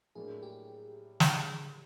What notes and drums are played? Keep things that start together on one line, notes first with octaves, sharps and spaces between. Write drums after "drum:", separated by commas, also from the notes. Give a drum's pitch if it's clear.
A2 F#3 A#3 D4 G#4
G4
drum: snare